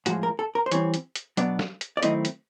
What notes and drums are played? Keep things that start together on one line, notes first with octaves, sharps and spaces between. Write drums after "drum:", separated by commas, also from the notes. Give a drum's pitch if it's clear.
A2 F3 G#3 F#4, drum: hi-hat
A#4
A4
A#4
C5
E3 G3 C4 C#5, drum: hi-hat
drum: hi-hat
drum: hi-hat
B2 F#3 B3 D4 D5, drum: hi-hat
drum: snare
drum: hi-hat
D5
D#3 F#3 A3 C4 E4 D#5, drum: hi-hat
drum: hi-hat